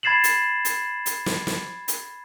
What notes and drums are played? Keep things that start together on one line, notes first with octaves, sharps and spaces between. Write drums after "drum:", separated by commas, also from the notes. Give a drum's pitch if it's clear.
B5 G#6 A6 C7 E7 F#7
drum: hi-hat
drum: hi-hat
drum: hi-hat
drum: snare
drum: snare
drum: hi-hat